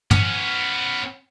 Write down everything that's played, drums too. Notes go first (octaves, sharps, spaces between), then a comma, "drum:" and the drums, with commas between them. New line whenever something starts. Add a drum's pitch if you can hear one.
B3 C#4, drum: tom